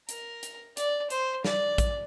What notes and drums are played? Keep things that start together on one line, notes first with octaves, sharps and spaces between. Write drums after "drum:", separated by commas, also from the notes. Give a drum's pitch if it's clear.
A#4, drum: hi-hat
drum: hi-hat
D5, drum: hi-hat
C5, drum: hi-hat
D5, drum: snare
drum: kick, hi-hat